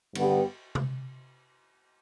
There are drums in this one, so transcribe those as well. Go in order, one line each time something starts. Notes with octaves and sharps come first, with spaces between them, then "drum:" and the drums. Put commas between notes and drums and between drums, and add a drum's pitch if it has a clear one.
G2 D3 B3 G4, drum: cymbal
drum: tom C3